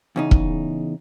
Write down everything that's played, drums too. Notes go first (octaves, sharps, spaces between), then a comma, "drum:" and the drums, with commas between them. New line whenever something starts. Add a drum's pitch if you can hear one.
E2 C#3 D#4
drum: kick